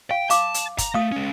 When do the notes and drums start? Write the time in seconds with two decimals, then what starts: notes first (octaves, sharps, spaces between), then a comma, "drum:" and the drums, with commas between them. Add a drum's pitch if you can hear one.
0.11 F5 G5
0.30 F5 A5 D6, drum: hi-hat
0.54 drum: hi-hat
0.78 A#5, drum: kick, hi-hat
0.94 A3 F5 D#6
1.12 G#3 C#4